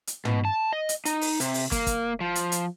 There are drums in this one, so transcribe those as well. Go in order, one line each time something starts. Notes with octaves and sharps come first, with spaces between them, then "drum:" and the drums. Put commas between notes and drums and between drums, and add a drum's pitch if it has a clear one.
drum: hi-hat
B2, drum: tom
A5
D#5
drum: hi-hat
D#4, drum: hi-hat
drum: open hi-hat
C3, drum: hi-hat
drum: open hi-hat
A#3, drum: kick, hi-hat
drum: kick, hi-hat
F3
drum: hi-hat
drum: hi-hat